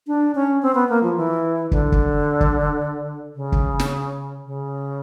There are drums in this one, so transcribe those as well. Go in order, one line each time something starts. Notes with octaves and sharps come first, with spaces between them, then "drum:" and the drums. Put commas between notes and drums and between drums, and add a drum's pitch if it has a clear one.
D4
C#4
C4
B3
A#3
F3
E3
D3, drum: kick
drum: kick
drum: kick
C#3
drum: kick
drum: snare
C#3